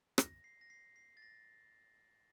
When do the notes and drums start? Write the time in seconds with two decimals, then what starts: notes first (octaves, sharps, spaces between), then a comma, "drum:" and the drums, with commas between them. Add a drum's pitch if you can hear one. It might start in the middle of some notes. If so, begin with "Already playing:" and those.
0.18 A#6, drum: rim click
0.44 C7
0.61 A#6
0.70 C7
0.96 C7
1.17 A6
1.22 A#6